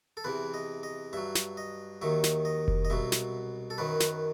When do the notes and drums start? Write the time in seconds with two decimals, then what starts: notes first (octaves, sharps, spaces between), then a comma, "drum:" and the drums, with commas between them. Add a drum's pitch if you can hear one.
0.17 A4
0.24 E2 C3 E3 B4
0.54 D#5
0.83 D#5
1.13 G2 F#3 E5
1.35 drum: snare
1.57 D#5
2.02 D#2 D#3 F#3 E5
2.24 drum: snare
2.45 D#5
2.68 drum: kick F1
2.85 D#5
2.90 C2 B2 F#3 E5
3.12 drum: snare
3.70 A4
3.78 F#2 D#3 F#3 B4
4.00 drum: snare